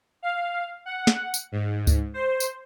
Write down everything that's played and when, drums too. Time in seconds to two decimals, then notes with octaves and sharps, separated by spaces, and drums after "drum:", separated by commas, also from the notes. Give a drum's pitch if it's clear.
0.22 F5
0.86 F#5
1.07 drum: snare
1.34 drum: tambourine
1.52 G#2
1.87 drum: kick C#2, tambourine
2.14 C5
2.40 drum: tambourine